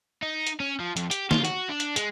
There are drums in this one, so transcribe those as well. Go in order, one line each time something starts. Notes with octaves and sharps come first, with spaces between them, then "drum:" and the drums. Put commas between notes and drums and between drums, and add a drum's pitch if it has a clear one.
D#4
drum: hi-hat
C#4
F3
F2, drum: hi-hat
G4, drum: hi-hat
F4, drum: snare
F#4, drum: hi-hat
D4
drum: hi-hat
G#3, drum: hi-hat